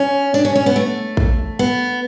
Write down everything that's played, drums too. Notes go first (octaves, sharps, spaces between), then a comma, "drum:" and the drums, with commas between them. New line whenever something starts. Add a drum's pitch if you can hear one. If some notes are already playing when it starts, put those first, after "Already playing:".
Already playing: C#4
D4, drum: tambourine
C#4
C#4
B3
A3
drum: kick
B3